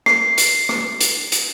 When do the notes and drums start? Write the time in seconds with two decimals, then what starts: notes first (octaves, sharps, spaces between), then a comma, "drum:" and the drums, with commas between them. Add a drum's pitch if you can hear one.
0.06 C7, drum: rim click
0.38 drum: hi-hat
0.69 drum: rim click
1.01 drum: hi-hat
1.32 drum: hi-hat